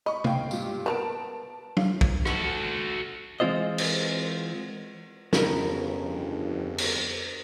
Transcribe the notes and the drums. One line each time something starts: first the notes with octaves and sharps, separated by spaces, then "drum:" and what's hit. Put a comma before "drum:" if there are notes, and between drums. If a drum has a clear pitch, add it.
D#5 B5 C#6
F5 G5, drum: tom
G2 A#2 G3, drum: tambourine
B3 A#4 B4 A5 D7
F4, drum: tom
drum: kick
F#4 A4, drum: rim click
E3 G#3 C4 F4 C5 D#5
drum: cymbal
G1 F2 C#3 B3 A#4, drum: snare
drum: cymbal